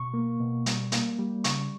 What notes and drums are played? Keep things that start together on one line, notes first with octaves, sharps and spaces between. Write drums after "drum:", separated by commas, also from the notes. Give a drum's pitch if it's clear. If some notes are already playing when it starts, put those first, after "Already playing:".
Already playing: B2 C#6
A#3
B2
G3, drum: hi-hat
A#3, drum: hi-hat
G3
C#3 C#6, drum: hi-hat